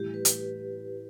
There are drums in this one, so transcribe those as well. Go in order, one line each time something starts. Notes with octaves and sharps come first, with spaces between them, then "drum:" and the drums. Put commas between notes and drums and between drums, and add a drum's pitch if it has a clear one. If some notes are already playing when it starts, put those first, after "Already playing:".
Already playing: A2 E3 G3 G4
B4
B4, drum: hi-hat